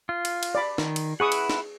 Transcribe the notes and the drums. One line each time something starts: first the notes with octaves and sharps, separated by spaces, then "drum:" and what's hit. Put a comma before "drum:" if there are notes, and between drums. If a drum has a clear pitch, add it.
F4
drum: cymbal
drum: cymbal
D5 B5
D#3, drum: snare
drum: cymbal
E4 G#4 B4 F#5 C#6 D#6
drum: cymbal
drum: snare